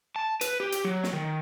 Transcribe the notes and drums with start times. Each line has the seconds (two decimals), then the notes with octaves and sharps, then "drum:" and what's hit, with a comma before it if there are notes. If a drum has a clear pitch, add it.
0.16 A5
0.41 B4, drum: hi-hat
0.60 G4
0.72 drum: hi-hat
0.84 F#3
1.04 drum: snare
1.13 D#3